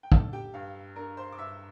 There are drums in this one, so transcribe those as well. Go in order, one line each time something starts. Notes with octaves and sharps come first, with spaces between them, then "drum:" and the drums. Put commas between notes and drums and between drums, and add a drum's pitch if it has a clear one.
G5
D4 A4 A5, drum: kick
G4 G5
G2 F5
D4 A#4 A#5
C5 C6
D6
G2 E5 E6